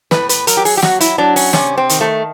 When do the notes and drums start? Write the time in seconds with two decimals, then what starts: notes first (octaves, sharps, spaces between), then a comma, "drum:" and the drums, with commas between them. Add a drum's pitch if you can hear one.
0.11 A2 B4, drum: snare
0.29 B4, drum: hi-hat
0.47 F#3 A#4, drum: hi-hat
0.57 G4
0.65 G#4, drum: open hi-hat
0.77 G4
0.82 F#3 F#4, drum: snare
1.00 E4, drum: hi-hat
1.18 F#3 D4
1.36 C#4, drum: open hi-hat
1.53 C3 C#4, drum: snare
1.78 C4
1.89 D#3, drum: hi-hat
2.01 A3